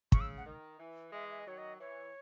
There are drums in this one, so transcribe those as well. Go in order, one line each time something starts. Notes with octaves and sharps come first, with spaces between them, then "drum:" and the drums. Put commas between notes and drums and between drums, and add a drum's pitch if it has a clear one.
C#3 C#6, drum: kick
E6
F#5
D#3
E3
E3 G#3 E5
E5
D#5
D#3 F#3 C#5
D#5
E3 C#5